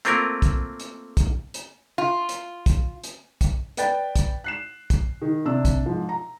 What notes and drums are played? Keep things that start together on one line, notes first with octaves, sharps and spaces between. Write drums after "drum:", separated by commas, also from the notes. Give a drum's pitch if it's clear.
A3 A#3 C4 F4 A#4, drum: hi-hat
drum: kick, hi-hat
drum: hi-hat
drum: kick, hi-hat
drum: hi-hat
F4
drum: hi-hat
drum: kick, hi-hat
drum: hi-hat
drum: kick, hi-hat
B4 D5 G5 A6, drum: hi-hat
drum: kick, hi-hat
F#6 C7 E7
drum: kick, hi-hat
D#3
C3 D4 E6
drum: kick, hi-hat
G#2 F3
A#5